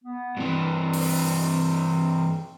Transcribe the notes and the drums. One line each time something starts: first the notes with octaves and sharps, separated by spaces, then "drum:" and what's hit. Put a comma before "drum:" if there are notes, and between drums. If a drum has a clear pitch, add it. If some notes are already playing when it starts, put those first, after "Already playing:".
B3
G2 E3 C4
drum: open hi-hat